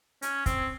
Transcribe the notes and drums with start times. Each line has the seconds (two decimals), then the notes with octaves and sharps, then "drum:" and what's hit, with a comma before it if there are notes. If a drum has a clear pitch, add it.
0.22 C#4, drum: hi-hat
0.46 C4, drum: kick, hi-hat